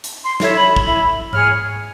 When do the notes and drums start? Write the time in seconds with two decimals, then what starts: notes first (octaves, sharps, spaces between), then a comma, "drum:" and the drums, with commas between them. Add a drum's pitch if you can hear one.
0.04 drum: hi-hat
0.24 C6
0.40 E4 A4 C#5, drum: snare
0.55 B5
0.76 drum: kick
0.86 E4 B5
1.33 G#4 C#5 F6, drum: tom G#2